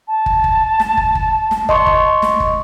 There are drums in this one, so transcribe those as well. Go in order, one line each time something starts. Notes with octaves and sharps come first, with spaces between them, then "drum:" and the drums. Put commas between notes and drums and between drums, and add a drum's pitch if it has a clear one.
A5
drum: kick
drum: kick
drum: snare
drum: kick
drum: kick
drum: snare
D#5 C6 C#6, drum: kick
drum: kick
drum: snare
drum: kick